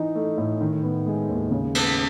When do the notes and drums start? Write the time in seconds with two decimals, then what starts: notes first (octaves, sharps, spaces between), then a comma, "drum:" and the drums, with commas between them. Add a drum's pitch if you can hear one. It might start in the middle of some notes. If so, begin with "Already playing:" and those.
Already playing: E3 D#4
0.15 A3
0.38 A2
0.61 D#3
0.83 B3
1.07 G#3
1.29 D#2
1.51 C#3
1.75 B3, drum: cymbal